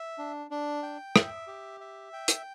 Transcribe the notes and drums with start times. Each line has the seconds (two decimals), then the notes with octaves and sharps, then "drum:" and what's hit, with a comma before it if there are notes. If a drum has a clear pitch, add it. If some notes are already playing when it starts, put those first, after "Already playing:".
Already playing: E5
0.18 D4
0.51 D4
0.83 G5
1.16 E5, drum: rim click
1.47 G4
1.80 E5
2.13 G5
2.28 drum: hi-hat